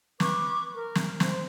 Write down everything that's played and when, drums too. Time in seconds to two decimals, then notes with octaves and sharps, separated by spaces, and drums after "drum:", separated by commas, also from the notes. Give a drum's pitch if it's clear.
0.20 B4 C#6 D6, drum: snare
0.74 A#4
0.95 drum: snare
1.20 C5, drum: snare